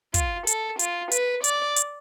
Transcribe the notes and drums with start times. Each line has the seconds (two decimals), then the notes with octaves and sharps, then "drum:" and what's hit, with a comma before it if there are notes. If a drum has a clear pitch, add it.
0.14 F4, drum: kick, hi-hat
0.47 A4, drum: hi-hat
0.79 F4, drum: hi-hat
1.11 B4, drum: hi-hat
1.44 D5, drum: hi-hat
1.76 drum: hi-hat